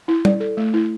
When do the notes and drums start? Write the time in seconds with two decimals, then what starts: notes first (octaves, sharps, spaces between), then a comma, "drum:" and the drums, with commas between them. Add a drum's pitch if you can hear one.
0.08 E4
0.25 D5, drum: tom G3
0.40 A4
0.57 A3
0.74 E4